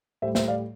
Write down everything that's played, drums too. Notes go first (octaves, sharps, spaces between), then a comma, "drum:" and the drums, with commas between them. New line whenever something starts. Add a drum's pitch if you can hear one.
A2 G3 C5 E5
C5 E5, drum: snare
D5 F5